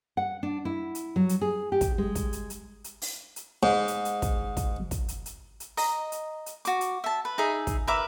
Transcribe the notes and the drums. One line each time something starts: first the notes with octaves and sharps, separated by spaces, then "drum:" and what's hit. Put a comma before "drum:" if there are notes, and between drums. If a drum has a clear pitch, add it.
F#5
D4
E4
drum: hi-hat
F#3
drum: hi-hat
G#4
G4
drum: kick, hi-hat
G#3
drum: kick, hi-hat
drum: hi-hat
drum: hi-hat
drum: hi-hat
drum: open hi-hat
drum: hi-hat
G#2
drum: hi-hat
drum: hi-hat
drum: kick, hi-hat
drum: kick, hi-hat
drum: kick, hi-hat
drum: hi-hat
drum: hi-hat
drum: hi-hat
D#5 A#5, drum: open hi-hat
drum: hi-hat
drum: hi-hat
F#4 D6, drum: hi-hat
drum: hi-hat
E5 A5
B4
D#4 G#4 E5
drum: kick, hi-hat
A#4 B4 E5 D6